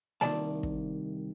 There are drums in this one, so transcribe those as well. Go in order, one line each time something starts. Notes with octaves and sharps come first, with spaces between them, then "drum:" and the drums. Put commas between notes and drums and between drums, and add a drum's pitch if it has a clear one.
C2 D#3 D5 A5, drum: snare A#3
drum: kick